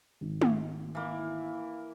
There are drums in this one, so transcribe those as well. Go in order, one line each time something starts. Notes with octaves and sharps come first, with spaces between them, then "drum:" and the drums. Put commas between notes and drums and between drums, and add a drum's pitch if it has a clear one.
G#1
drum: tom
E3 A#3